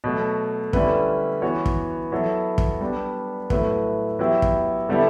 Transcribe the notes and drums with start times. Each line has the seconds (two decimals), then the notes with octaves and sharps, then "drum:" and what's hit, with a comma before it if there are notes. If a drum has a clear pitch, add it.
0.04 B2 F#3 A3
0.73 D3 G3 C#4 E4 B4, drum: kick
1.42 E3 B3 F#4 C#5
1.66 drum: kick
2.12 F#3 B3 E4 A4 C#5
2.58 drum: kick
2.81 G3 B3 D4
3.50 A2 F#3 A3 E4 B4, drum: kick
4.19 F#3 B3 E4 G4
4.42 drum: kick
4.89 D3 G3 B3 E4 A4